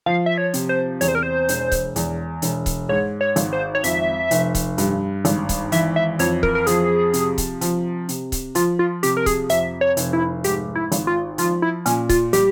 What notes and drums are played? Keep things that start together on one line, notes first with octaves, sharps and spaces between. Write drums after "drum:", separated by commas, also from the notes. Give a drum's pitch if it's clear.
F3 F5
E5
C#5
C3, drum: hi-hat
C5
E2 C#5, drum: hi-hat
C5
A#4
C5
E1, drum: hi-hat
drum: kick C#1, hi-hat
E2, drum: hi-hat
E1, drum: hi-hat
drum: kick C#1, hi-hat
G#2 C#5
C#5
G#1, drum: hi-hat
C5
C#5
F2 E5, drum: hi-hat
F1, drum: hi-hat
drum: kick C#1, hi-hat
G2, drum: hi-hat
G#1, drum: hi-hat
drum: kick C#1, hi-hat
E3 E5, drum: hi-hat
E5
F2 C#5, drum: hi-hat
A#4, drum: kick C#1
A#4
F3 G#4, drum: hi-hat
C3, drum: hi-hat
drum: kick C#1, hi-hat
F3, drum: hi-hat
C3, drum: hi-hat
drum: kick C#1, hi-hat
F3 F4, drum: hi-hat
F4
C3 G4, drum: hi-hat
A#4
G#4, drum: kick C#1, hi-hat
F2 E5, drum: hi-hat
C#5
F1, drum: hi-hat
E4
G#2 G4, drum: hi-hat
E4
G#1, drum: hi-hat
F4
F3 F4, drum: hi-hat
E4
A#2 C#4, drum: hi-hat
F4, drum: kick C#1, hi-hat
G3 G4, drum: hi-hat